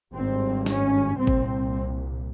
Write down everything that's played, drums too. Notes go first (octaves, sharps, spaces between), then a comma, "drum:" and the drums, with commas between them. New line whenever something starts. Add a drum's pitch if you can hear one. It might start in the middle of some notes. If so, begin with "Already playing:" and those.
G#1 G2 C4
C#4, drum: snare
C2 A#2 C4
drum: kick G#1